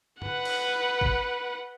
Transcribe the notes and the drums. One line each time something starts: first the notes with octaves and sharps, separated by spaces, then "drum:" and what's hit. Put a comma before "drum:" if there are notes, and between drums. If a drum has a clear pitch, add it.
B4 F#5, drum: tom
drum: cymbal
drum: kick